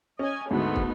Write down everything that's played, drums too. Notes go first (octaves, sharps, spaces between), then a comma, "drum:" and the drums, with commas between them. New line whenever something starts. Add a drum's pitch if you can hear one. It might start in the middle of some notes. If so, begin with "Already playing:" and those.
C#4 D#5 G#5
D2 G#2 A3 B3 D#4
drum: kick